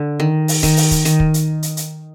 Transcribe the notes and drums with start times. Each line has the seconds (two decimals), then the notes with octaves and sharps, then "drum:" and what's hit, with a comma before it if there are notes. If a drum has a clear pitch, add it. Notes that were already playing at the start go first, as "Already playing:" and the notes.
Already playing: D3
0.20 D#3
0.48 drum: open hi-hat
0.63 D#3, drum: kick, hi-hat
0.77 drum: open hi-hat
0.91 drum: kick, hi-hat
1.05 D#3, drum: hi-hat
1.20 drum: kick
1.34 drum: hi-hat
1.63 drum: hi-hat
1.77 drum: hi-hat